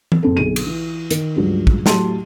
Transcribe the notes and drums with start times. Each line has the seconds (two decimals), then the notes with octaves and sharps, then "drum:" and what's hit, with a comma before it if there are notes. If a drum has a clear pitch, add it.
0.12 drum: tom E3
0.23 F#1 C4 A4
0.37 B1 D3 G#4 D#7
0.56 drum: cymbal
0.67 E3
1.11 D#3, drum: hi-hat
1.36 C#2 G2 F3 F#3
1.67 drum: kick
1.86 A2 F#3 G4 A5 C6 D#7, drum: snare